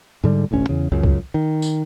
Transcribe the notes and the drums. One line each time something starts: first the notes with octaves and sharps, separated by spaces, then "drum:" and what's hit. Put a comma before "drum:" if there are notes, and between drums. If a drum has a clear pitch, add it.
G#2 D3 G3
E1 A1 D2 C#4
E2 C#3
C#2 F#2 C#3
drum: kick C2
D#3
drum: tambourine